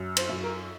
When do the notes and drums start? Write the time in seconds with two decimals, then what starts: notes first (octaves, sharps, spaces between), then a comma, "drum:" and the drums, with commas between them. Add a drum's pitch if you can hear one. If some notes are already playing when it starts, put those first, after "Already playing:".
Already playing: F#2
0.17 C5, drum: cymbal
0.29 F#2
0.43 A#4